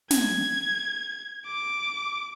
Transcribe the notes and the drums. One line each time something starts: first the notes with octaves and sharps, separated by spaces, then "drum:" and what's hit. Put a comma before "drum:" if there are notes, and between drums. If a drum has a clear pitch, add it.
G#6, drum: snare
D6